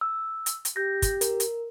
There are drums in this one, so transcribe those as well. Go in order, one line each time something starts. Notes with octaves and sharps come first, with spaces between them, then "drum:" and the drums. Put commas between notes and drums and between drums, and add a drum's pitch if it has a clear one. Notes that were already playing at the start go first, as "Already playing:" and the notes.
E6
drum: hi-hat
drum: hi-hat
G4 G6 A#6
drum: kick, hi-hat
A#4, drum: hi-hat
drum: hi-hat